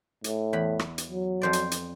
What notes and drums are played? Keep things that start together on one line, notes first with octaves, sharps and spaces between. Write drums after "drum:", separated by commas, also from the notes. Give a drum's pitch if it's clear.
A2, drum: hi-hat
E2 B5
drum: rim click
drum: hi-hat
F#3
F2 C5 D5
drum: hi-hat
drum: hi-hat